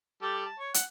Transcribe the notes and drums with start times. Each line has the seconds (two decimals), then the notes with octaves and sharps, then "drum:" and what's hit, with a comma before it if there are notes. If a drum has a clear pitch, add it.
0.22 G3 G4 A4
0.46 A5
0.59 C#5
0.74 F#5, drum: hi-hat